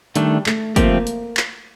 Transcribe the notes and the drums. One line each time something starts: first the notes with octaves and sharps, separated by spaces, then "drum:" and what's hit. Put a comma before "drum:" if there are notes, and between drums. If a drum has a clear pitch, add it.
D#3 G3 A3 D4, drum: hi-hat
A3, drum: clap
F3 A3 A#3 C4 G4, drum: kick, hi-hat
drum: hi-hat
drum: clap